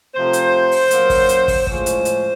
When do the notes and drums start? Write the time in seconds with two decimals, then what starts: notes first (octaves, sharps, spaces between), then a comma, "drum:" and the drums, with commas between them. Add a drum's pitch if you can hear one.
0.14 C3 F3 A3 C5
0.33 drum: hi-hat
0.71 drum: open hi-hat
0.91 A#2 F#3 A#3 C#4, drum: hi-hat
1.10 drum: kick, open hi-hat
1.29 drum: hi-hat
1.48 drum: kick, open hi-hat
1.67 A2 F3 G#3 C#4 C5, drum: kick
1.86 drum: hi-hat
2.05 drum: hi-hat